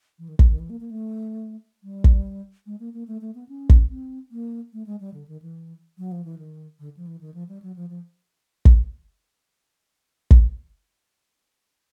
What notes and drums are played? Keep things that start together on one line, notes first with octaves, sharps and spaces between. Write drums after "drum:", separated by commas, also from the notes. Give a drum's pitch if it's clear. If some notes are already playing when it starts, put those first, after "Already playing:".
E3
D#3
D#3, drum: kick
D#3
E3
A#3
A#3
A3
G3
drum: kick
G#3
A#3
A#3
A3
A3
B3
C#4
drum: kick
C4
A#3
A3
G#3
G3
D3
D#3
E3
F#3
F3
E3
D#3
D3
F3
E3
D#3
F3
G3
F#3
F3
F3
drum: kick
drum: kick